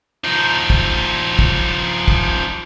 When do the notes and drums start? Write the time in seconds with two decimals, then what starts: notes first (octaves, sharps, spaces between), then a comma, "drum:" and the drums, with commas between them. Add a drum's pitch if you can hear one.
0.24 F3 D#4
0.70 drum: kick
1.39 drum: kick
2.08 drum: kick